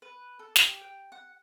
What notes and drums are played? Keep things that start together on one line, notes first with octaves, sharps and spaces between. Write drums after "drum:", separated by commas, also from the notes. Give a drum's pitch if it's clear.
B4
A4
G4, drum: snare
G5
F#5